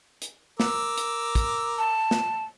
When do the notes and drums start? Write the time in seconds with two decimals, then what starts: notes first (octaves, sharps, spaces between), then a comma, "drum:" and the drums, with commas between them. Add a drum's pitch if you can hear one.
0.22 drum: hi-hat
0.60 A#4 D6 E6, drum: snare
0.98 drum: hi-hat
1.35 drum: kick, hi-hat
1.78 A5
2.11 drum: snare